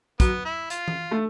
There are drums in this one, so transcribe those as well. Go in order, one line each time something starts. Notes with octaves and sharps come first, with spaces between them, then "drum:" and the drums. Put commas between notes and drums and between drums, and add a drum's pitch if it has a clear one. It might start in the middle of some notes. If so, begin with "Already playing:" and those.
F#3 B3, drum: kick, hi-hat
E4
F4, drum: hi-hat
drum: tom E3
A3